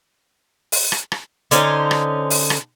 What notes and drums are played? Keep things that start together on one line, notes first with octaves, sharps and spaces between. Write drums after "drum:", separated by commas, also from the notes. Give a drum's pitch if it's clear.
drum: open hi-hat
drum: rim click
drum: rim click
D3 C#4 D#4 C5, drum: hi-hat
drum: rim click
drum: open hi-hat
drum: rim click